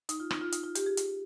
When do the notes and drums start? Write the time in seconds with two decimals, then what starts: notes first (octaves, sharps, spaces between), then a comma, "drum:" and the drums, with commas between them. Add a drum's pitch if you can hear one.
0.09 D#4, drum: hi-hat
0.20 F4
0.31 D#4, drum: rim click
0.41 F4
0.52 D#4, drum: hi-hat
0.64 F4
0.75 G4, drum: hi-hat
0.86 G#4
0.97 drum: hi-hat